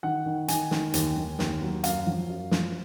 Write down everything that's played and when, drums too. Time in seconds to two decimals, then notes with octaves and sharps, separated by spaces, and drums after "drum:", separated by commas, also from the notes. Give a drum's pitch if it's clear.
0.03 D#3 F#5
0.26 D#3
0.48 D#3 G#5, drum: hi-hat
0.71 D#3, drum: snare
0.94 D#2, drum: hi-hat
1.16 D#2
1.39 D#2, drum: snare
1.61 F#3
1.84 F#2 F5, drum: hi-hat
2.07 F3
2.29 F#2
2.51 F3, drum: snare